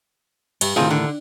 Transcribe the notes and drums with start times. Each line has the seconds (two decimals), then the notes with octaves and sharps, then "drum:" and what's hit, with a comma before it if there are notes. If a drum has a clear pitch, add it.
0.61 G2, drum: cymbal
0.76 A2 D#3 C4 F4 G#4
0.90 D3